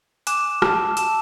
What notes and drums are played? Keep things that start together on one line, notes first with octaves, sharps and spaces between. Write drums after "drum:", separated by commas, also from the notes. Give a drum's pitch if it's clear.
G#5 D6 F#6 E7, drum: hi-hat
A5 E6, drum: rim click
A5 E6 E7, drum: hi-hat